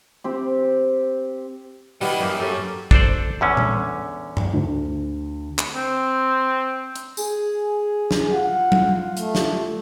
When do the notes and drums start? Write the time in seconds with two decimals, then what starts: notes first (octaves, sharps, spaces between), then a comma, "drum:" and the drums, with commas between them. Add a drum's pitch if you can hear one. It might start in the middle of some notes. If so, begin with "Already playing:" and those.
0.24 C4 G4
2.01 G3 B3 E4 D#5 G5, drum: open hi-hat
2.20 F#2 A#3 G4
2.40 C#4 G4 A4
2.91 D4 A4 C5 D5, drum: kick
3.41 E2 D3 C#4
3.57 drum: tom A#2
4.37 drum: tom G2
4.54 D2
5.58 drum: clap
5.74 C4
6.96 drum: hi-hat
7.17 G#4, drum: tambourine
8.11 drum: snare
8.33 F4 F#5
8.72 drum: tom F#3
9.17 A3, drum: hi-hat
9.35 drum: snare